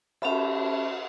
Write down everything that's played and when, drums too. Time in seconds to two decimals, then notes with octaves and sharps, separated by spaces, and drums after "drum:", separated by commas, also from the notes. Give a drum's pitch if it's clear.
0.22 C#4 G4 A4 E5 A5 B5, drum: cymbal